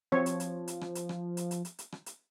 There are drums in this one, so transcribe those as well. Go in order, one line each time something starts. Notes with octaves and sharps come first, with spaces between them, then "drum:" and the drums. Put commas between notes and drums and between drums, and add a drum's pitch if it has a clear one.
F3 C4 C#5
drum: hi-hat
drum: hi-hat
drum: hi-hat
drum: rim click
drum: hi-hat
drum: rim click
drum: hi-hat
drum: hi-hat
drum: hi-hat
drum: hi-hat
drum: rim click
drum: hi-hat